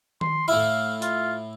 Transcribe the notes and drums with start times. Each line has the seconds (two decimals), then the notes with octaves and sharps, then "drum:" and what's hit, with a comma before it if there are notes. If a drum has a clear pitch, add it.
0.21 C6, drum: tom D#3
0.48 A2 E4 F5
1.02 F4, drum: hi-hat